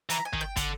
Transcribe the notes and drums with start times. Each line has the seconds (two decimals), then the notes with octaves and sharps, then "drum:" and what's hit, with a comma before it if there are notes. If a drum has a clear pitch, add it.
0.10 E3 A#5, drum: hi-hat
0.25 G#5
0.33 D#3, drum: kick
0.41 G5
0.56 D3, drum: kick, hi-hat